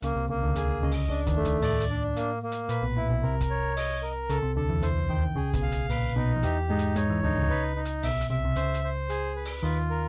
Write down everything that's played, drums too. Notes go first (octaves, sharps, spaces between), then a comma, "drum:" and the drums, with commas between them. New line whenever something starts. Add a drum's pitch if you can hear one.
C#2 C#3 A#3, drum: hi-hat
C2 C3
C#2 C#3 A#3
D2 D3
D2 D3 G#4, drum: hi-hat
C#2 C#3 D#5
drum: open hi-hat
C#2 C#3 D4
D#2 D#3, drum: kick, hi-hat
A3
D#2 D#3, drum: hi-hat
A2 D5, drum: open hi-hat
drum: hi-hat
D4
A#3, drum: hi-hat
A#3
drum: hi-hat
A#2 B4, drum: hi-hat
B1 B2
A#2 E4
B1 B2
C2 C3 A#4
drum: kick, hi-hat
C#5
D#5, drum: open hi-hat
A#4
C#2 C#3 A4, drum: hi-hat
C2 C3
D2 D3 A4
E2 E3
E2 E3 C5, drum: hi-hat
D#2 D#3 G5
C#2 C#3 G#4
B1 B2, drum: kick, hi-hat
F5
drum: hi-hat
A#2 B4, drum: open hi-hat
B1 B2 D#4
F3
E2 E3 G4, drum: hi-hat
G#2 G#3 D#4
drum: hi-hat
G#2 G#3 C#5, drum: hi-hat
E2 E3
D2 D3 D#4
C#2 C#3
B4
D#4
drum: hi-hat
B1 B2 E5, drum: open hi-hat
drum: hi-hat
C2 C3 E5
C3
C#2 C#3 C5, drum: hi-hat
drum: hi-hat
C5
G#4, drum: hi-hat
B4
drum: open hi-hat
D#2 D#3 F4
A#4